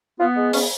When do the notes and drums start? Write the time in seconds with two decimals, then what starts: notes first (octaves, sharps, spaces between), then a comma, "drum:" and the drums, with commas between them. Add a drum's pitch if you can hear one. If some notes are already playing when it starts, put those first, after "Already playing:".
0.20 B3 F4
0.37 G#3
0.53 B3 C#4, drum: open hi-hat